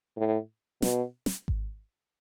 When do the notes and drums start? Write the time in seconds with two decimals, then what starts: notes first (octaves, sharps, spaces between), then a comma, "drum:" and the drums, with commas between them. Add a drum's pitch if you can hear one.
0.17 A2
0.82 B2, drum: snare
1.26 drum: snare
1.48 drum: kick G#1